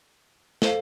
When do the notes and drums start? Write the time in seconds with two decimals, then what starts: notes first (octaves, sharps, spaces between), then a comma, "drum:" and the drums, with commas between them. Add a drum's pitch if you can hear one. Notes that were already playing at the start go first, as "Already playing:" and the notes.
0.62 A4 C5 F5, drum: snare